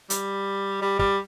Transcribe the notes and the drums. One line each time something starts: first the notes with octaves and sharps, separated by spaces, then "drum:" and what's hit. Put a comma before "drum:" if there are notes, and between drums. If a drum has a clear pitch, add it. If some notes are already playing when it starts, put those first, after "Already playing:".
G3, drum: hi-hat
G3
G3, drum: kick